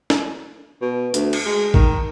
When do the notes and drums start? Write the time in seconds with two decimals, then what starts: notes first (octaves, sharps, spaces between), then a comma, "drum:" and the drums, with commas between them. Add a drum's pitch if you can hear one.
0.10 drum: snare
0.82 B2
1.14 D2, drum: hi-hat
1.33 drum: cymbal
1.46 G#3
1.74 D#3, drum: kick A1